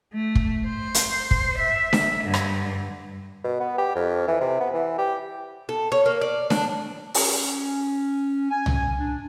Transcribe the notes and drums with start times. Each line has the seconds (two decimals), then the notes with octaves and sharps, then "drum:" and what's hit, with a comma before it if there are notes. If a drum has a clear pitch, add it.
0.13 A3
0.35 drum: kick
0.67 C5
0.94 drum: hi-hat
1.31 drum: kick
1.58 E5
1.93 drum: snare D4
2.24 G2 D3
2.34 drum: rim click
3.44 B2
3.60 B3
3.78 G4
3.95 F2
4.27 E3
4.40 C3
4.60 B3
4.73 E3
4.98 G4
5.69 A4
5.92 C#5
6.06 A#3
6.21 D5
6.50 D4, drum: snare D4
7.14 C#4, drum: open hi-hat
8.50 G#5
8.66 drum: tom
8.99 D4